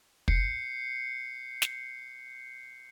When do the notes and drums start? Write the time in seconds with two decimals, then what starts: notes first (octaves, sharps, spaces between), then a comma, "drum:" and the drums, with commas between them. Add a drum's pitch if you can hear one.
0.28 G6 C7 C#7, drum: kick
1.62 drum: snare